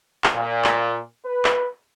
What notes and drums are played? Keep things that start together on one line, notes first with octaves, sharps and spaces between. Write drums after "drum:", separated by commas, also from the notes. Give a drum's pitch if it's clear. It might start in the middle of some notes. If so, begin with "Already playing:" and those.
drum: clap
A#2
drum: clap
B4
drum: clap